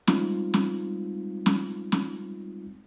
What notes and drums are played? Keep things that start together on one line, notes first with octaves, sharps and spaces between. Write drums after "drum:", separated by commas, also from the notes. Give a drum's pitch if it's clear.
G3 G#3 C4 D#4 F4, drum: snare
drum: snare
drum: snare
drum: snare